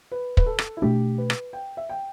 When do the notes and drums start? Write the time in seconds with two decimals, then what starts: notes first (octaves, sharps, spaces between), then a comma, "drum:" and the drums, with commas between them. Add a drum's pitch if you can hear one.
0.12 B4
0.37 B4, drum: kick
0.46 A4
0.59 drum: rim click
0.77 E4
0.82 B2 A3 D4 G4
1.18 B4
1.30 drum: rim click
1.53 G5
1.77 E5
1.89 G5